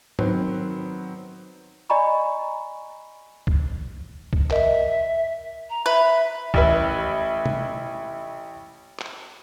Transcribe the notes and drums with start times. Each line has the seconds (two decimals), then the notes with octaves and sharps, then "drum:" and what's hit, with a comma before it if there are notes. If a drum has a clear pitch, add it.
0.19 D#3 F#3 B3 C4, drum: tom G#2
1.90 D5 D#5 G#5 A#5 B5 C#6
3.47 drum: kick
4.33 drum: kick
4.51 A#4 D#5 E5, drum: clap
5.70 A#5
5.86 B4 E5
6.54 A1 E4 B4, drum: kick
7.46 drum: tom
8.99 drum: clap